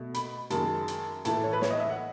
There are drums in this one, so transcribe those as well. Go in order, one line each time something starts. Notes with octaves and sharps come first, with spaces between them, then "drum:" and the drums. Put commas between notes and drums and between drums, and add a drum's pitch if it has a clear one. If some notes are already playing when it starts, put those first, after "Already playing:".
Already playing: B2 A3
B5, drum: hi-hat
F#2 D#3 G#3 A5, drum: hi-hat
drum: hi-hat
A2 E3 A3 A5, drum: hi-hat
C#5
B4
C#5, drum: snare
D#5
E5
F#5